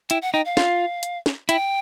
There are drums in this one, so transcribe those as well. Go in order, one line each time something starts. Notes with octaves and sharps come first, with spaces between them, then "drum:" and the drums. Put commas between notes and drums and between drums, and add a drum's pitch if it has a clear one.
E4 G5, drum: hi-hat
F#5
D#4 G5
F5
F4, drum: snare
drum: hi-hat
drum: snare
E4 G5, drum: hi-hat